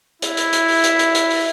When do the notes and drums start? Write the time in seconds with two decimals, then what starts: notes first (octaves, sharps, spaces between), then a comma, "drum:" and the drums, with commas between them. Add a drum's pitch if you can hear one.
0.22 E4, drum: hi-hat
0.37 drum: hi-hat
0.53 drum: hi-hat
0.68 drum: open hi-hat
0.84 drum: hi-hat
0.99 drum: hi-hat
1.15 drum: hi-hat
1.30 drum: open hi-hat